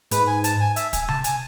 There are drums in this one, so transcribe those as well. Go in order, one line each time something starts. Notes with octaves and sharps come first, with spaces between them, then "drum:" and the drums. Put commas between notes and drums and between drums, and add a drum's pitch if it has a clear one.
G#2 B4, drum: hi-hat
G#5
A5, drum: hi-hat
G#5
E5, drum: hi-hat
G#5, drum: kick, hi-hat
A5, drum: tom C3
G#5, drum: hi-hat